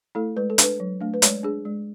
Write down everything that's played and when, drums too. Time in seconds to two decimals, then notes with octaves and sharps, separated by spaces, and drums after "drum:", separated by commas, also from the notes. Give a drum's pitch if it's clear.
0.15 A3 E4 A4
0.37 G#3 B4
0.50 A4
0.58 D4 B4, drum: hi-hat
0.80 F#3
1.00 A3 D4
1.14 B4
1.22 G#3 C#5, drum: hi-hat
1.43 D4 G#4
1.65 G#3